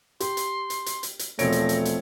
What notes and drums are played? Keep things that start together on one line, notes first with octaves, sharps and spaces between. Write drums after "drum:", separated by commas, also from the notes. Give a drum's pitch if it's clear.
G4 C6, drum: hi-hat
drum: hi-hat
drum: hi-hat
drum: hi-hat
drum: hi-hat
drum: hi-hat
E1 F3 A3 C4 C#5 G#6 A#6 D7, drum: hi-hat
drum: hi-hat
drum: hi-hat
drum: hi-hat